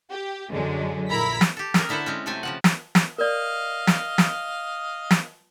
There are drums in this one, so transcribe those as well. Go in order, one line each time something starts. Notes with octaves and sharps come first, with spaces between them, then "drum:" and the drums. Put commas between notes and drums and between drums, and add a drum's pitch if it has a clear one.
G4
F#2 D3 F#3 G#3
A#1 E4 A#4 A#5 B5 B6
drum: snare
G4 A4
C#4 G#4 A#4, drum: snare
D3 E4 A4 C5 E5 F#5
G#3 C4 C#4
C3 F#3 A3 A4 G5 G#5
C#3 F3 F#5
drum: snare
drum: snare
A#4 D5 D#5 F5
drum: snare
drum: snare
drum: snare